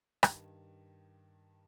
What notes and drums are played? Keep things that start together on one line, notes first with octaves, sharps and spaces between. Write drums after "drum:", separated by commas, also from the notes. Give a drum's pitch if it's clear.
G2 D#3, drum: rim click